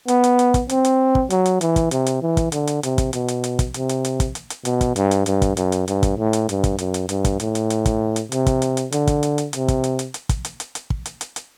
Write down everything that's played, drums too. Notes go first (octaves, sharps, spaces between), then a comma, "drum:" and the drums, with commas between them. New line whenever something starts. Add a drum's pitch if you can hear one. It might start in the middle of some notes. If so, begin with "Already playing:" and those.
B3, drum: hi-hat
drum: hi-hat
drum: hi-hat
drum: kick, hi-hat
C4, drum: hi-hat
drum: hi-hat
drum: kick
F#3, drum: hi-hat
drum: hi-hat
E3, drum: hi-hat
drum: kick, hi-hat
C3, drum: hi-hat
drum: hi-hat
E3
drum: kick, hi-hat
D3, drum: hi-hat
drum: hi-hat
C3, drum: hi-hat
drum: kick, hi-hat
B2, drum: hi-hat
drum: hi-hat
drum: hi-hat
drum: kick, hi-hat
C3, drum: hi-hat
drum: hi-hat
drum: hi-hat
drum: kick, hi-hat
drum: hi-hat
drum: hi-hat
B2, drum: hi-hat
drum: kick, hi-hat
G2, drum: hi-hat
drum: hi-hat
G2, drum: hi-hat
drum: kick, hi-hat
F#2, drum: hi-hat
drum: hi-hat
G2, drum: hi-hat
drum: kick, hi-hat
A2
drum: hi-hat
G2, drum: hi-hat
drum: kick, hi-hat
F#2, drum: hi-hat
drum: hi-hat
G2, drum: hi-hat
drum: kick, hi-hat
A2, drum: hi-hat
drum: hi-hat
drum: hi-hat
drum: kick, hi-hat
drum: hi-hat
C3, drum: hi-hat
drum: kick, hi-hat
drum: hi-hat
drum: hi-hat
D3, drum: hi-hat
drum: kick, hi-hat
drum: hi-hat
drum: hi-hat
C3, drum: hi-hat
drum: kick, hi-hat
drum: hi-hat
drum: hi-hat
drum: hi-hat
drum: kick, hi-hat
drum: hi-hat
drum: hi-hat
drum: hi-hat
drum: kick
drum: hi-hat
drum: hi-hat
drum: hi-hat